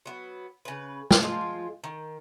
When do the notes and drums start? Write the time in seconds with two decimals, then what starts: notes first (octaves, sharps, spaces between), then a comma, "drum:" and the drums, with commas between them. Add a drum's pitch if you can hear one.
0.06 F#3 B3
0.65 C#3 B4
1.11 drum: snare
1.22 F3 G#3 F4 F5
1.84 D#3